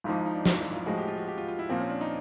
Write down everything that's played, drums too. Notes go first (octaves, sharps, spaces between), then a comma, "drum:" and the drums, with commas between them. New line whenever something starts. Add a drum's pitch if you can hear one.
G#1 G#2 F3 E4
D#4
D#4
D4
D#4, drum: snare
E4
F4
A2 F3 G#3 F#4
G4
F4
F#4
G4
F4
F4
E4
A#2 F3 A#3 C4
C#4
D4
D#4